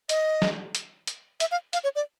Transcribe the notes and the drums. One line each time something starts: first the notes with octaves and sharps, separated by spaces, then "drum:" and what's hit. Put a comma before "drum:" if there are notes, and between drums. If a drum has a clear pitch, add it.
D#5, drum: hi-hat
drum: snare
drum: hi-hat
drum: hi-hat
E5, drum: hi-hat
F5
F5, drum: hi-hat
C#5
D5